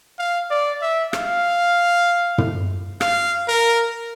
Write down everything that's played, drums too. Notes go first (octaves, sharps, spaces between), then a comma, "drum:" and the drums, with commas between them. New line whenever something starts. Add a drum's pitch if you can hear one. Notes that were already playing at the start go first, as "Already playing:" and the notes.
F5
D5
E5
F5, drum: rim click
drum: tom
F5, drum: rim click
A#4